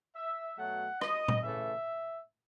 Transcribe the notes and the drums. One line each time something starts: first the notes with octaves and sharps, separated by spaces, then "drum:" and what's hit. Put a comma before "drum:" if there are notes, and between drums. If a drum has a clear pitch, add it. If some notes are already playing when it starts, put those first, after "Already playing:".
E5
B2 F#3 A3 F#5
D#5, drum: rim click
drum: tom A#2
C#3 E3 A3 E5